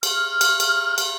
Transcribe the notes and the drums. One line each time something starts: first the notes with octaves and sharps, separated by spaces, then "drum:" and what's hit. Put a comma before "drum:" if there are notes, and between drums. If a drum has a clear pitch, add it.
F6, drum: cymbal
drum: cymbal
drum: cymbal
drum: cymbal